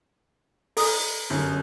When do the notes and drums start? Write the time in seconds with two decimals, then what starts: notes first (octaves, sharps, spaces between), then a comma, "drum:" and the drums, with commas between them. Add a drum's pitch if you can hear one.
0.77 A4 G#5 A#5 D#6, drum: open hi-hat
1.30 G1 F#2